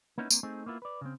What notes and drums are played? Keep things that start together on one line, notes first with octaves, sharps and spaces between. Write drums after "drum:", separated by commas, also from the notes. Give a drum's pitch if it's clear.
A#3 B3 C#4 D#4 E4
A#3 C4, drum: tambourine
A3 C4 D#4 G#4
A#3 B3 E4 F4
B4 D5
C#3 C4